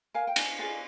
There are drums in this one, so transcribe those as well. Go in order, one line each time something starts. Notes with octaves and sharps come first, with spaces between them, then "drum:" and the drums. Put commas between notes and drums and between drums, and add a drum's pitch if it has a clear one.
A#4 F5 G#5
G5
D4 F5 G#5, drum: cymbal
F4 G#4 F5 G#5